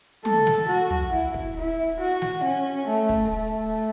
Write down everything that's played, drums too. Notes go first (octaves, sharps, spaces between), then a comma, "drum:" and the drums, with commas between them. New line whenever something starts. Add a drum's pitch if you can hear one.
A4, drum: tom
drum: snare
F#4
drum: tom
E4
drum: kick
E4
F#4
drum: snare
C#4
A3
drum: kick
A3